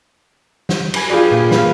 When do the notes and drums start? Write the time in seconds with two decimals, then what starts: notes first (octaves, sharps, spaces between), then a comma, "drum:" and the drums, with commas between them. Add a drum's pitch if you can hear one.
0.69 drum: snare
0.94 B4 G#5 A#6, drum: cymbal
1.09 F4 G4 G#4 B4 D5
1.31 A#2
1.51 B4 F5, drum: snare